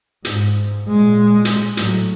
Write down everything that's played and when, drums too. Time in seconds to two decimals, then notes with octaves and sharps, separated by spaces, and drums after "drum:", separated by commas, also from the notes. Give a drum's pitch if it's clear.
0.25 G#2, drum: hi-hat
0.88 A#2 G#3
1.45 drum: hi-hat
1.77 A2 F#3, drum: hi-hat